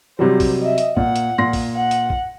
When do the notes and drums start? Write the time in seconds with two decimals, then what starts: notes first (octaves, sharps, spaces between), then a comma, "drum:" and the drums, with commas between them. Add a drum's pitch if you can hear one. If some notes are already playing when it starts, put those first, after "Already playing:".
0.19 C3 F#3 G3 C5
0.40 drum: kick, open hi-hat
0.60 D#5 E5
0.78 drum: hi-hat
0.97 A#2 F#5, drum: kick
1.16 drum: hi-hat
1.38 A#2 C6 A#6
1.53 drum: kick, open hi-hat
1.75 F#5
1.91 drum: hi-hat
2.10 drum: kick